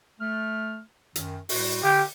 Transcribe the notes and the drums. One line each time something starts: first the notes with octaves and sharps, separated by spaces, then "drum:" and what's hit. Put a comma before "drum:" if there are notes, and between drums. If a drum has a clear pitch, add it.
A3 F6
F#2 D#3, drum: hi-hat
A2 G3 F#4, drum: open hi-hat
D3 G4 F5